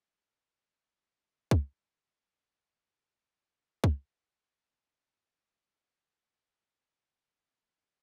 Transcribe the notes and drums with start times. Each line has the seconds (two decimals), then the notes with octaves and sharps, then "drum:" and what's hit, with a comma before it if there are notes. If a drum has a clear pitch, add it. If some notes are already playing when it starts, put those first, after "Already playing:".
0.17 G#3 A3 F#4 G#4
1.51 drum: kick
1.64 G#3
2.13 G2 A#2 G#3
2.33 E3 D#5 F#5
2.67 E1
3.84 drum: kick
4.13 A1
6.20 G4 D#5
6.62 G#2
6.93 C3 B4
7.65 F2 G4 A#4